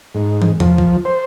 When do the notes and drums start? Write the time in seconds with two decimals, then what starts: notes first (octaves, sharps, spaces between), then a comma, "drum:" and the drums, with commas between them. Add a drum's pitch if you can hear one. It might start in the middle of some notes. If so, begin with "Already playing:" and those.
0.15 G#2
0.42 drum: tom
0.60 F3, drum: tom E2
0.78 drum: kick C2
1.05 C5